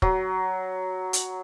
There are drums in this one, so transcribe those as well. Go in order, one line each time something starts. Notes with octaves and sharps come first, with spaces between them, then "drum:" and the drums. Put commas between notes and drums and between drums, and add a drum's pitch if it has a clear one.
F#3, drum: kick
drum: hi-hat